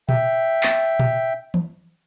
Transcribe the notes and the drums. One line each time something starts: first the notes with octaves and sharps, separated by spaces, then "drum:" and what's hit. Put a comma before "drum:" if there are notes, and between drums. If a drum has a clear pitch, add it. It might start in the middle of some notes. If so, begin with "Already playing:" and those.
E5 G5, drum: tom A#2
drum: clap
drum: tom A#2
drum: tom E3